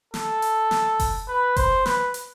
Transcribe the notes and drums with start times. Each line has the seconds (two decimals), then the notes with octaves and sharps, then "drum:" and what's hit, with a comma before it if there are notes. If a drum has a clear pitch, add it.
0.14 A4, drum: snare
0.42 drum: hi-hat
0.71 drum: snare
1.00 drum: kick F#1, open hi-hat
1.28 B4
1.57 C5, drum: kick F#1, hi-hat
1.86 B4, drum: snare
2.14 drum: hi-hat